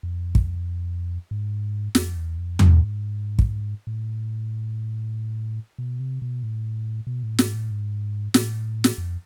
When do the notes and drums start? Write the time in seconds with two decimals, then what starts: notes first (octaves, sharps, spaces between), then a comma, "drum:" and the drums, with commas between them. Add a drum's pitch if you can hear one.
0.03 F2
0.35 drum: kick
1.31 G#2
1.95 F2, drum: snare
2.16 E2
2.38 F2
2.59 G#2, drum: tom E2
3.39 drum: kick
3.87 A2
5.79 B2
6.00 C3
6.22 B2
6.43 A2
7.07 B2
7.23 A2
7.39 G#2, drum: snare
7.54 A2
7.71 G#2
8.34 A2, drum: snare
8.84 drum: snare
8.98 F2